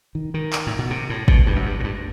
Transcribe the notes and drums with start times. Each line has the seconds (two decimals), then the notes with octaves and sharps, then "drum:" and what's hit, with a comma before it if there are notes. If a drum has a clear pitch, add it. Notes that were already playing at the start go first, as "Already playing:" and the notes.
0.15 D#3
0.34 D#3
0.53 drum: clap
0.67 A2
0.79 B2
0.90 C3
1.10 A2
1.28 B2, drum: kick
1.46 G2
1.56 F#2
1.66 G2
1.80 A2
1.84 G2